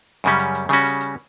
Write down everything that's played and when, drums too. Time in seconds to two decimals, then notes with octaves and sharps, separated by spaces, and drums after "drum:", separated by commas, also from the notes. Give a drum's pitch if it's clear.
0.24 F#2 C#3 G3 C#4, drum: hi-hat
0.39 drum: hi-hat
0.55 drum: hi-hat
0.69 C#3 G3 C#4 F#4, drum: open hi-hat
0.85 drum: hi-hat
1.00 drum: hi-hat